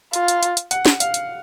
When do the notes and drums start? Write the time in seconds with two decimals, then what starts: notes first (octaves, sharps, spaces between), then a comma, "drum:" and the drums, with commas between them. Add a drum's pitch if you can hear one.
0.13 F4, drum: hi-hat
0.28 drum: hi-hat
0.43 drum: hi-hat
0.57 drum: hi-hat
0.71 F#5, drum: hi-hat
0.85 drum: snare
1.00 F5, drum: hi-hat
1.14 drum: hi-hat